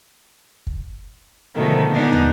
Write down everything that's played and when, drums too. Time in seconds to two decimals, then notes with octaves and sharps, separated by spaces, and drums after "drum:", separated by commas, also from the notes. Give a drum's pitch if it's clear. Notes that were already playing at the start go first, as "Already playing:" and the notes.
0.67 drum: kick
1.54 B2 D3 D#3 F3 G#3 A3
1.91 A#2 G#3 B3 D4 D#4
2.12 drum: tom